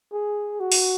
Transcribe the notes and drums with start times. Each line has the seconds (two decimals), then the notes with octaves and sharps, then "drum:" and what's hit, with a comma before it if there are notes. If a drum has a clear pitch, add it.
0.13 G#4
0.60 F#4
0.72 drum: open hi-hat